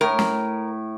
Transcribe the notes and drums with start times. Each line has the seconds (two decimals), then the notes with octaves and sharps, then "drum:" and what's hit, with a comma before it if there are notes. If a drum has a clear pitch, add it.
0.01 A2 A#4
0.19 drum: snare